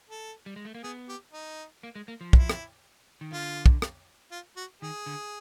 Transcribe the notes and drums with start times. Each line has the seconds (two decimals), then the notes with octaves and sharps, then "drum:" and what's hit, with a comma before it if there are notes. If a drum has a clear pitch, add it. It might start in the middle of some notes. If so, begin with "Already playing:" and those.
0.10 A4
0.46 G3
0.56 G#3
0.65 A3
0.75 A#3
0.83 B3 G#4
1.09 G4
1.33 D#4
1.83 A#3
1.95 G#3
2.08 A#3
2.21 F3
2.33 E4, drum: kick
2.50 drum: rim click
3.21 D#3
3.32 D3 F4
3.66 drum: kick
3.82 drum: rim click
4.31 F4
4.57 F#4
4.81 D#3 G#4
5.06 D3